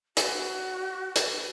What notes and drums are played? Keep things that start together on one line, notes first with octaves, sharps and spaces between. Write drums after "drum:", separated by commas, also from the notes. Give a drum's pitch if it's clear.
F#4, drum: hi-hat
drum: hi-hat